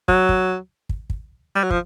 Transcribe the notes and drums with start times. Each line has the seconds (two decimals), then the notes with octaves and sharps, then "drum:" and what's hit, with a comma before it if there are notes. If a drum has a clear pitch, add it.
0.08 F#3, drum: kick
0.29 drum: kick
0.89 drum: kick
1.10 drum: kick
1.55 G3
1.63 F#3
1.71 F3, drum: kick